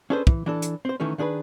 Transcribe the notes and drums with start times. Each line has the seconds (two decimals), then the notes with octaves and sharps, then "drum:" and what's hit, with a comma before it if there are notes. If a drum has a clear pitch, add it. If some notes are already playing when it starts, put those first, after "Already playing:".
0.10 C#4 D4 G#4 A4 B4 C5
0.27 E3, drum: kick
0.46 E3 D4 A4
0.62 drum: hi-hat
0.85 C4 C5
1.00 D#3 E3 A3 C#4
1.18 D#3 D4 G#4 A#4 B4